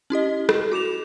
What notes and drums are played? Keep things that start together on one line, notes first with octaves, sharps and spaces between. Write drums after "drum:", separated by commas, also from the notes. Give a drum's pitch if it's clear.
C#4 E4 G4 D#5
drum: rim click
F#4 D6 E7 F7